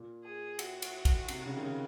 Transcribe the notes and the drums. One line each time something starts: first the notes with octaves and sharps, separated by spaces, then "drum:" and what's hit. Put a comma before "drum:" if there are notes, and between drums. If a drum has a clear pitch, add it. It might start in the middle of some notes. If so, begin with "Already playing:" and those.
Already playing: A#2
G#4
F#4, drum: cymbal
drum: cymbal
drum: kick, cymbal
C3, drum: cymbal
C#3
D#3
C#3